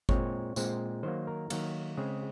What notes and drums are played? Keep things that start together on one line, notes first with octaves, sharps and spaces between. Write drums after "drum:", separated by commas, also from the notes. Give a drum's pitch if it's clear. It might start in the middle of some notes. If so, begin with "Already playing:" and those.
A#2 G#3 C4 C#5, drum: kick G#1
A#2 G#3 C4 C5, drum: tambourine
D#3 F#3 A#3 C5
A#4
D#3 F#3 A#3, drum: cymbal
C#3 G#3 C4 G#4